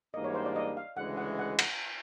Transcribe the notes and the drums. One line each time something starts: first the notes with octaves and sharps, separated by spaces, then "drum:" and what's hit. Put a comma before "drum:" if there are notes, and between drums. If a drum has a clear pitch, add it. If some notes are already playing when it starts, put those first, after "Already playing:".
G#2 E3 G3 A#3 D4 D#5
C#5
C5
D5
D#5
F5
D2 C#3 E3 G#3 F#5
F#5
F#5
F#5, drum: cymbal